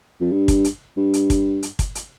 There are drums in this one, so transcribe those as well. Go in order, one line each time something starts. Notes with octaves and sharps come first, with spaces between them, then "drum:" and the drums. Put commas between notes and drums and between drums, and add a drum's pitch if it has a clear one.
F2
G2
drum: kick, hi-hat
drum: hi-hat
G2
drum: hi-hat
drum: kick, hi-hat
drum: hi-hat
drum: kick, hi-hat
drum: hi-hat